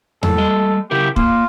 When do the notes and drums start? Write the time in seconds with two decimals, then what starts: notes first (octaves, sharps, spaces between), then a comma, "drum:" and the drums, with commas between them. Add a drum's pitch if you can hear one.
0.23 F#2 A2 A4, drum: tom E2
0.38 G3 A3 D#5
0.91 C#3 E4 G4 A#4
1.16 A#3 F4, drum: kick